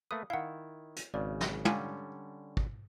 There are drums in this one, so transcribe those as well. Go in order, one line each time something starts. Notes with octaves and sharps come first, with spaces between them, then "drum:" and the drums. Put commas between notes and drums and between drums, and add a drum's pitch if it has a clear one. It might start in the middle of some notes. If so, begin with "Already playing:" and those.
A3 A#3 B4 D#6
D#3 E4 F5 F#5
drum: hi-hat
G#1 C#3 D5
drum: snare
D3 G3 C#4 F5 G#5 A5, drum: tom
drum: kick